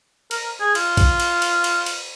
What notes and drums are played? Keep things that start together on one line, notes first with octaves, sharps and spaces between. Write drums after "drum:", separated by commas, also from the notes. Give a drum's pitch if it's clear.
A#4, drum: cymbal
G#4
F4, drum: cymbal
drum: kick, cymbal
drum: cymbal
drum: cymbal
drum: cymbal
drum: cymbal